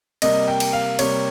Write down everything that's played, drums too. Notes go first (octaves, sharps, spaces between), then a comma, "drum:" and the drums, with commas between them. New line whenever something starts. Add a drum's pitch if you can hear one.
C3 G3 A#3 D#5, drum: cymbal
G5
drum: cymbal
F5
C3 G3 A#3 C#5, drum: cymbal